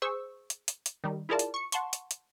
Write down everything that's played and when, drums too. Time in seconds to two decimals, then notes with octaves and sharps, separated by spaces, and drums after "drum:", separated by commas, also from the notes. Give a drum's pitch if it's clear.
0.02 G#4 C5 C#6 E6
0.50 drum: hi-hat
0.68 drum: hi-hat
0.86 drum: hi-hat
1.04 D#3 G3
1.29 E4 F4 G#4 A#4 D5 A5
1.39 drum: hi-hat
1.54 C#6 C#7
1.72 F#5 A5 C6 C#6, drum: hi-hat
1.93 drum: hi-hat
2.11 drum: hi-hat